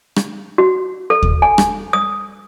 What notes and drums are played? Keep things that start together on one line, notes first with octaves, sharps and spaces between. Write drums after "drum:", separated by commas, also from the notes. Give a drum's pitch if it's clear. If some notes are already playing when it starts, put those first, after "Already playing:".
drum: rim click
F#4
A4
drum: kick D#2
G#5
drum: rim click
D#6